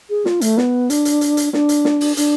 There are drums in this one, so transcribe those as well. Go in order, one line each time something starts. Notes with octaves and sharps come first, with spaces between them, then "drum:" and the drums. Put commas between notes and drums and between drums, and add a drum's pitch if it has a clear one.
G#4
F4, drum: snare
A3, drum: hi-hat
B3, drum: snare
D4, drum: hi-hat
drum: hi-hat
drum: hi-hat
drum: hi-hat
D4, drum: snare
drum: hi-hat
drum: snare
drum: open hi-hat
D4, drum: hi-hat